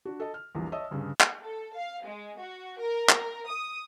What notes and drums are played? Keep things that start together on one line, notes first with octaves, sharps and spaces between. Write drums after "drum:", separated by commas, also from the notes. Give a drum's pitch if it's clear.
D4 F#4
A4 D#5 A5
F6
A#1 E2 E3 G3
C#5 D#5 E5 A5 D#6 E6
D2 G2 C#3 G3
drum: clap
A4
F5
G#3
F#4
A#4
drum: clap
D#6